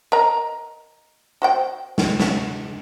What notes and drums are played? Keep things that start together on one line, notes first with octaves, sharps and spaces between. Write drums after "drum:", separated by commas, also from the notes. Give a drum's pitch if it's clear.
A#4 D#5 A#5
F#4 C5 G5
drum: snare
C#4 F#4, drum: snare